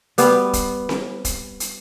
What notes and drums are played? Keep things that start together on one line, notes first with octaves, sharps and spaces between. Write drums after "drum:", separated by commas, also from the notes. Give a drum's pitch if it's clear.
G3 B3, drum: hi-hat
drum: kick D#1, hi-hat
drum: snare C4
drum: kick D#1, hi-hat
drum: hi-hat